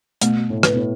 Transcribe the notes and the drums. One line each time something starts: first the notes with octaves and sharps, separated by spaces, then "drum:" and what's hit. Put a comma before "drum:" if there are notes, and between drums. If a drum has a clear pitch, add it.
B2 A3, drum: hi-hat
A2
B4, drum: rim click
B2
A2